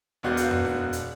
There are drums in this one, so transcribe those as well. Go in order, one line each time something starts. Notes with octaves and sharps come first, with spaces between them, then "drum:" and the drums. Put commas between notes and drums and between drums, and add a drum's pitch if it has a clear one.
E1 B2 F#4 D5 F5 G6
drum: hi-hat
drum: tom F2
drum: snare D#4
drum: hi-hat